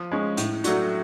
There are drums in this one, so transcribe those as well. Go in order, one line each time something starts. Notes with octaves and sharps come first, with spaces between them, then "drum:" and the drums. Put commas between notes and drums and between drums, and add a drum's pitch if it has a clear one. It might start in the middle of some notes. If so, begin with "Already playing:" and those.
Already playing: F3
G#3 C#4
A2, drum: hi-hat
F#3 A3 D4 F#4, drum: hi-hat